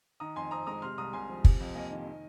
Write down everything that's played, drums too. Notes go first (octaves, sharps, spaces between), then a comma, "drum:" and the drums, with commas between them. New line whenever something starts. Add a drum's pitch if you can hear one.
D#3 A#5 D#6
F2 G#5 C6
C4 A#5 D#6
G#3 A#5 D#6
C3 C6 F6
C2 A#5 D#6
C2 G#5 C6
F3
C3, drum: kick
F2
A#3 D#5 G#5
D#3
D#3